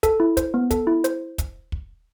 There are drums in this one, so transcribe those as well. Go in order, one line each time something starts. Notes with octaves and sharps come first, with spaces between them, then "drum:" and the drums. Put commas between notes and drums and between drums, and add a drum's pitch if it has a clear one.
A4, drum: kick, hi-hat
E4
C5, drum: kick, hi-hat
B3
A4, drum: kick, hi-hat
E4
C5, drum: hi-hat
drum: kick, hi-hat
drum: kick